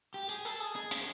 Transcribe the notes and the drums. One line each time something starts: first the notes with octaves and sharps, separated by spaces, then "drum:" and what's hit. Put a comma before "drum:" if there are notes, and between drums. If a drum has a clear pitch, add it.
G4
G#4
A4
G#4
G#4
drum: hi-hat